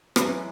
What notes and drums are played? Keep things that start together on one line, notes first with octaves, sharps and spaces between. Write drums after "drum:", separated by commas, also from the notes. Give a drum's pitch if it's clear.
F#2 E3 G#3 B4, drum: rim click